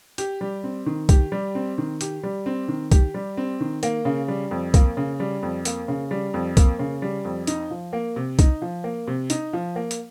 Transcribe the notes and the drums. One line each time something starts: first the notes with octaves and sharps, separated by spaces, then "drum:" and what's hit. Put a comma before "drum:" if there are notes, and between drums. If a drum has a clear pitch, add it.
G4, drum: hi-hat
G3
C4
D#3
G4, drum: kick B1, hi-hat
G3
C4
D#3
G4, drum: hi-hat
G3
C4
D#3
G4, drum: kick B1, hi-hat
G3
C4
D#3
A#3, drum: hi-hat
C#3
G3
F2
A#3, drum: kick B1, hi-hat
C#3
G3
F2
A#3, drum: hi-hat
C#3
G3
F2
A#3, drum: kick B1, hi-hat
C#3
G3
F2
D#4, drum: hi-hat
F3
A#3
C3
D#4, drum: kick B1, hi-hat
F3
A#3
C3
D#4, drum: hi-hat
F3
A#3
drum: hi-hat